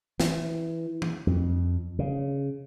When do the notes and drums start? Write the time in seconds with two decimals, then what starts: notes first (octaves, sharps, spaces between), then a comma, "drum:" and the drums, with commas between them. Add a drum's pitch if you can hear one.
0.20 E3, drum: snare
1.02 drum: tom
1.27 F2
1.99 C#3